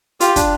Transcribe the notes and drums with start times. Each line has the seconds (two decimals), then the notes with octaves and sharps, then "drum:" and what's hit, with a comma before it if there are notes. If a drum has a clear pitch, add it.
0.20 F4 G4, drum: hi-hat
0.36 D4, drum: kick, hi-hat